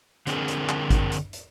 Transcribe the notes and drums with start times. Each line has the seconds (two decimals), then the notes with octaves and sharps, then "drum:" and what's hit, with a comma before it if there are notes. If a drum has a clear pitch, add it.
0.27 D3 C4 D4 G#4 A#4, drum: hi-hat
0.48 drum: hi-hat
0.69 drum: clap
0.90 drum: kick G#1, hi-hat
1.12 drum: hi-hat
1.33 drum: hi-hat